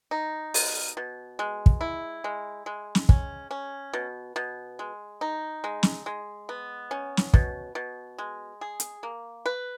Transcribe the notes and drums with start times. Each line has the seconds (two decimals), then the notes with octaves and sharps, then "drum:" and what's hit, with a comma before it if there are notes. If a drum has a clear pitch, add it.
0.11 D#4
0.54 B2, drum: open hi-hat
0.97 B2
1.39 G#3
1.66 drum: kick
1.81 E4
2.24 G#3
2.66 G#3
2.95 drum: snare
3.09 C#4, drum: kick
3.51 C#4
3.93 B2
4.36 B2
4.79 G#3
5.21 D#4
5.64 G#3
5.83 drum: snare
6.06 G#3
6.49 B3
6.91 C#4
7.17 drum: snare
7.34 B2, drum: kick
7.75 B2
8.18 G#3
8.61 G#4
8.80 drum: hi-hat
9.03 A#3
9.46 B4